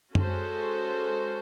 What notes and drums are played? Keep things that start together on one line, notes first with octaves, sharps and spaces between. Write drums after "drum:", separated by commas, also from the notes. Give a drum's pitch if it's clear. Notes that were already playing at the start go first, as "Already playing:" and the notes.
G#3 C#4 F#4 A4 C5, drum: tom F#2